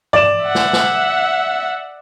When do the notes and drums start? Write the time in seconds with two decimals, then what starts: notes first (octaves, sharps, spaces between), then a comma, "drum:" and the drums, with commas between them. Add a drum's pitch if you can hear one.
0.13 D5 E7, drum: tom G2
0.44 E5 F#5
0.55 drum: snare
0.73 drum: snare